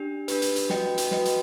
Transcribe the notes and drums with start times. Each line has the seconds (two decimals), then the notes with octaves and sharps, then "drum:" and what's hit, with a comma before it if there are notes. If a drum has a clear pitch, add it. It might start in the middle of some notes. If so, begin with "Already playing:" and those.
Already playing: D4 G4
0.28 D4 G4 B4, drum: hi-hat
0.42 drum: hi-hat
0.56 drum: hi-hat
0.70 F#4 B4 D#5 G5, drum: snare
0.98 drum: hi-hat
1.11 F#4 B4 D#5 G5, drum: snare
1.25 drum: hi-hat